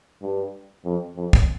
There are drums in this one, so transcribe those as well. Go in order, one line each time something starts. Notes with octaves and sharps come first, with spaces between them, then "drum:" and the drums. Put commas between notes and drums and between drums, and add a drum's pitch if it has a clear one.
G2
F2
F2
drum: kick